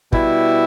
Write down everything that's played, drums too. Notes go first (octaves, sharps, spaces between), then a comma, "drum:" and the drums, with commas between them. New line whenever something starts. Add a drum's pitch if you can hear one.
B2 G3 E4, drum: kick